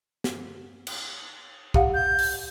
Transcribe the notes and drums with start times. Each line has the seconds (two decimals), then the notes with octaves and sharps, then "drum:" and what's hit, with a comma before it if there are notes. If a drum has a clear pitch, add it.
0.24 drum: snare
0.87 drum: cymbal
1.74 G4 F5 F#5, drum: kick
1.94 G6
2.19 drum: open hi-hat